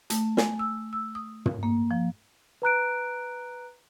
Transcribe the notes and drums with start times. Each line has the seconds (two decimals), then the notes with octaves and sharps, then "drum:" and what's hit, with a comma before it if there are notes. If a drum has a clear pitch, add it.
0.10 A3, drum: hi-hat
0.37 G#5, drum: snare
0.59 E6
0.93 E6
1.15 D#6
1.46 drum: tom
1.63 A#3
1.91 F3
2.62 B4 A#5 F#6 D7